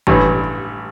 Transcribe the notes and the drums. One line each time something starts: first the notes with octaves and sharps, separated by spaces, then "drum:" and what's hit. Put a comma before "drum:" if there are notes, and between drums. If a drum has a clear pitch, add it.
A1 G2 E3, drum: kick